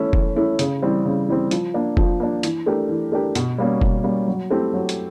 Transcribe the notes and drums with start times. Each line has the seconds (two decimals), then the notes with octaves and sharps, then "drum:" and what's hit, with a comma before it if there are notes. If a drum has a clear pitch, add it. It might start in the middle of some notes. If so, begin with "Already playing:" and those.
Already playing: E3 A3 C#4 E4
0.13 E3, drum: kick F1
0.36 A3 C#4 E4
0.59 C#3, drum: hi-hat
0.82 E3 G3 C4
1.05 C#3
1.28 E3 G3 C4
1.51 F3, drum: hi-hat
1.74 A#3 D4
1.97 F3, drum: kick F1
2.20 A#3 D4
2.43 E3, drum: hi-hat
2.66 A3 D4 G4 A#4
2.89 E3
3.12 A3 D4 G4 A#4
3.35 B2, drum: hi-hat
3.58 G3 A#3 C#4
3.82 B2, drum: kick F1
4.04 G3 A#3 C#4
4.28 F#3
4.50 A3 C4 E4 G4
4.74 F#3
4.89 drum: hi-hat